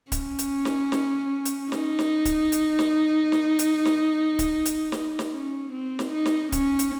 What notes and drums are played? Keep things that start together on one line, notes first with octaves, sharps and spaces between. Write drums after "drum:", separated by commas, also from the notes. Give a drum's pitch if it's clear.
C#4, drum: kick D1, hi-hat
drum: hi-hat
drum: snare
drum: snare
drum: hi-hat
D#4, drum: snare
drum: snare
drum: kick D1, hi-hat
drum: hi-hat
drum: snare
drum: snare
drum: hi-hat
drum: snare
drum: kick D1, hi-hat
drum: hi-hat
drum: snare
drum: snare
C#4
C4
drum: snare
D#4
drum: snare
C#4, drum: kick D1, hi-hat
drum: hi-hat